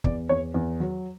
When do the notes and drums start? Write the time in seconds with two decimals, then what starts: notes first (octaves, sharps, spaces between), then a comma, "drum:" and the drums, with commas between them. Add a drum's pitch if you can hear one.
0.04 E2 D5, drum: kick
0.29 E2 C#5
0.54 E2
0.80 F#3